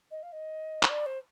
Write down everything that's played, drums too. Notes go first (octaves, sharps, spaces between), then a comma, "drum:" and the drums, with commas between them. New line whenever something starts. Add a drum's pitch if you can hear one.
D#5
F5
D#5
C5, drum: clap
D5
C5